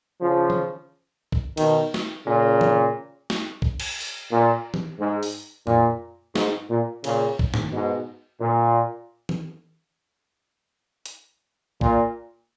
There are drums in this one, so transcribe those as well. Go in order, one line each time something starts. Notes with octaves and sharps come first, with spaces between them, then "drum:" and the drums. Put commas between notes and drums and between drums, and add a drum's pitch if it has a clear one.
C#3 F3
drum: tom E3
drum: kick B1
B2 D#3, drum: cymbal
drum: snare
A#2 C#3
drum: tom E3
drum: snare
drum: kick B1
drum: cymbal
drum: open hi-hat
A#2
drum: tom E3
G#2
drum: open hi-hat
A#2, drum: tom F2
G#2, drum: snare
A#2
A#2 C#3, drum: cymbal
drum: kick B1
drum: tom G2
G#2 B2
A#2
drum: tom E3
drum: hi-hat
A#2, drum: kick B1